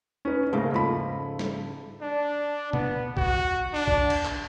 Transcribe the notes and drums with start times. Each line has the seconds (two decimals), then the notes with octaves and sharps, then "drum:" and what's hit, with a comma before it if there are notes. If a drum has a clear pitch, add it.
0.25 C#4 D#4 B4
0.53 G#2 C#3 A3 A#3 A#4
0.74 F3 A4 B5
1.39 drum: snare
2.02 D4
2.73 B3, drum: tom B2
3.17 F#4, drum: kick B1
3.73 D4
3.87 drum: kick B1
4.10 drum: cymbal
4.25 drum: clap